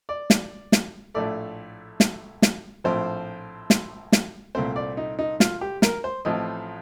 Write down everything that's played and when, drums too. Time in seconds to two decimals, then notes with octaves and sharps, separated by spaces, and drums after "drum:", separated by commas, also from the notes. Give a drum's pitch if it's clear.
0.09 D5
0.30 drum: snare
0.72 drum: snare
1.15 A#1 A2 A3 D5
2.00 drum: snare
2.42 drum: snare
2.84 A#1 A2 F3 C4 C5
3.70 drum: snare
4.12 drum: snare
4.55 C2 A#2 A3 C4 C5
4.76 D5
4.97 D#4
5.19 D#4
5.40 F4, drum: snare
5.61 G4
5.82 A#4, drum: snare
6.04 C5
6.25 A1 A2 F3 C4 D#5